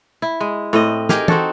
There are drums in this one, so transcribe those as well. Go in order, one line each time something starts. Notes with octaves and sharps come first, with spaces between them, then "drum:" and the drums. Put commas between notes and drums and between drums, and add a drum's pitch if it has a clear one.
E4
G#3
A2 C4 D#5
D#4 G4 G#4 A#4, drum: snare
C4 F#4 A4, drum: tom